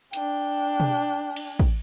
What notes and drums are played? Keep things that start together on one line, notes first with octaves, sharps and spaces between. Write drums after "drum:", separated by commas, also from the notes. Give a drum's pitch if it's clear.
D4 G5, drum: hi-hat
drum: tom B2
drum: cymbal
drum: kick